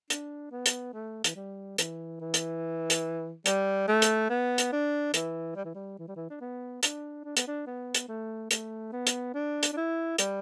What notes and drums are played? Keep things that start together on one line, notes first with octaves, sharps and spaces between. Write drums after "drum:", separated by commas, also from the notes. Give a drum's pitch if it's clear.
D4, drum: hi-hat
B3
drum: hi-hat
A3
E3, drum: hi-hat
G3
E3, drum: hi-hat
E3
drum: hi-hat
drum: hi-hat
G3, drum: hi-hat
A3
drum: hi-hat
B3
drum: hi-hat
D4
E3, drum: hi-hat
G3
E3
G3
E3
G3
E3
D4
B3
D4, drum: hi-hat
D4
B3, drum: hi-hat
D4
B3
drum: hi-hat
A3
A3, drum: hi-hat
B3
drum: hi-hat
D4
drum: hi-hat
D4
E4
G3, drum: hi-hat